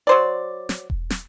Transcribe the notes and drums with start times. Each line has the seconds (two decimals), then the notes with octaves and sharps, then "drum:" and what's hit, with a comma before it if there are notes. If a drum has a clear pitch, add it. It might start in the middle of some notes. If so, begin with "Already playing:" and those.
0.07 F#3 C5 D5
0.69 drum: snare
0.90 drum: kick E1
1.10 drum: snare